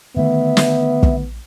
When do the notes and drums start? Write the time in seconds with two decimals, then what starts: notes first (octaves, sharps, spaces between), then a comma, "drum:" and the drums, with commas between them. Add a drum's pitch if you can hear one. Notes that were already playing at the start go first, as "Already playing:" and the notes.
0.17 D3 D#3 A3 B3 E5
0.57 drum: snare
1.03 drum: kick